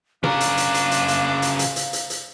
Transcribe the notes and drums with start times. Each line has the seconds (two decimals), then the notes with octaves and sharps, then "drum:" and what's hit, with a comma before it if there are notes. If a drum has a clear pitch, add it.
0.24 C#3 D4 A#4 F5, drum: tom
0.40 drum: hi-hat
0.57 drum: hi-hat
0.74 drum: hi-hat
0.91 drum: hi-hat
1.08 drum: hi-hat
1.42 drum: hi-hat
1.59 drum: hi-hat
1.76 drum: hi-hat
1.93 drum: hi-hat
2.10 drum: hi-hat